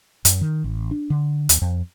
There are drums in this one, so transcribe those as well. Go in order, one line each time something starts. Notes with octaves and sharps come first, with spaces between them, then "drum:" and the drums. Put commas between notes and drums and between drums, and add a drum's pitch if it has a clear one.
F#2, drum: hi-hat
D#3
A1
D4
D3
D#2, drum: hi-hat
F2